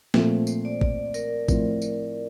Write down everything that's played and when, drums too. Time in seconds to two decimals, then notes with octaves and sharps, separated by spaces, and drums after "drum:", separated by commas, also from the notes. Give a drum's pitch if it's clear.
0.14 A#2 F3 A3 C4, drum: snare
0.47 C5, drum: tambourine
0.65 D5
0.81 D5, drum: kick G#1
1.14 A#4, drum: tambourine
1.48 A2 F3 C4 F4, drum: kick G#1, tambourine
1.82 drum: tambourine